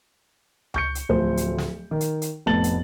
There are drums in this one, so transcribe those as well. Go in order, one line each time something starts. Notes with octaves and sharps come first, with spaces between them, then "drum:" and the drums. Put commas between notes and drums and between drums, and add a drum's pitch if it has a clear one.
C#6 G6 C#7, drum: tom C#2
drum: hi-hat
D1 D2 F3 C5
drum: hi-hat
drum: snare
D#3
drum: hi-hat
drum: hi-hat
F1 A2 B3 A5 A6 F#7
drum: hi-hat